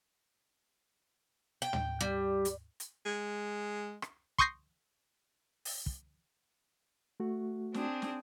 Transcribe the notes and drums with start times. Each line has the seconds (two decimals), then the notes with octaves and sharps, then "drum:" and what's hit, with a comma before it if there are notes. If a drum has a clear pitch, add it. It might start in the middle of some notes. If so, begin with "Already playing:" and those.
1.62 G5
1.73 drum: tom
2.01 G3
2.45 drum: hi-hat
2.80 drum: hi-hat
3.06 G#3
4.02 drum: rim click
4.38 C6 C#6 D#6 G6 A#6 C7, drum: kick
5.65 drum: open hi-hat
5.86 drum: kick
7.20 A3 F#4
7.74 C4 D4 G#4, drum: snare
8.02 drum: snare